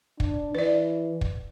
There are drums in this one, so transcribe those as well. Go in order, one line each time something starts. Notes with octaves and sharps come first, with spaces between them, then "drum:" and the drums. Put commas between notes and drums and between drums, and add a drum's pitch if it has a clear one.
D4, drum: kick
E3 B4 D5
drum: kick